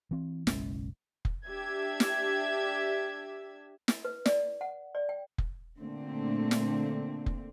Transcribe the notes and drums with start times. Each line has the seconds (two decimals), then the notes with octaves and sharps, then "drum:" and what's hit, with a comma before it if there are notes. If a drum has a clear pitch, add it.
0.11 E3 C4
0.47 F#1 B1 G#3 C#4, drum: snare
1.25 drum: kick F1
1.48 D4 G4 E5 G#6
2.00 drum: snare
3.88 drum: snare
4.05 B4
4.26 D5, drum: snare
4.61 F#5
4.95 D5
5.09 G5
5.38 drum: kick F1
5.80 A#2 D3 A3 C4
6.51 drum: snare
7.26 drum: kick F1